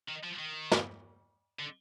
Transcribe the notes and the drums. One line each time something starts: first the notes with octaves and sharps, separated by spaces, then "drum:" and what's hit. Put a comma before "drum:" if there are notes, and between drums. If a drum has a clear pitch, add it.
D#3
F3
D#3
drum: snare
D3